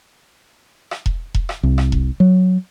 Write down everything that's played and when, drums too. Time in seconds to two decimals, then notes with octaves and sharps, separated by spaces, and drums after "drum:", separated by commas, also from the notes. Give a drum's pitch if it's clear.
0.91 drum: rim click
1.06 drum: kick E1
1.34 drum: kick E1
1.49 drum: rim click
1.63 C2
1.78 drum: rim click
1.92 drum: kick E1
2.20 F#3